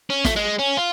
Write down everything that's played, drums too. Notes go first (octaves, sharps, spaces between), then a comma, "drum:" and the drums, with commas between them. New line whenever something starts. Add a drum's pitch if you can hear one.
C#4
A3, drum: snare
G#3
C#4
F4